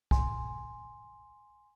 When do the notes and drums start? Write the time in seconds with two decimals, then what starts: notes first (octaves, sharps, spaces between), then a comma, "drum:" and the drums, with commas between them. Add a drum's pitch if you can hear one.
0.11 G#5 C6, drum: kick